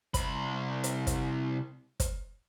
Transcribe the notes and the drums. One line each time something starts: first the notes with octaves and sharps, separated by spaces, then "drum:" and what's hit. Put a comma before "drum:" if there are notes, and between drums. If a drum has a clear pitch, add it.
C2 B5, drum: kick, hi-hat
drum: hi-hat
drum: kick, hi-hat
drum: kick, hi-hat